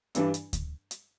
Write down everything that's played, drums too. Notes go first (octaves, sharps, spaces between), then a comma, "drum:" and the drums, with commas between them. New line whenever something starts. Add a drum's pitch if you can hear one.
G2 E3 G3 D4, drum: hi-hat
drum: hi-hat
drum: kick D2, hi-hat
drum: hi-hat